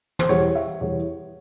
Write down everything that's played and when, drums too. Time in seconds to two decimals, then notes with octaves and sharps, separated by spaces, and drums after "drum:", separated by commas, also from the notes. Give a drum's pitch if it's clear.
0.19 C5, drum: tom
0.29 E2 E3 G3 C#5
0.55 E5
0.81 E2 E3 G3 C#5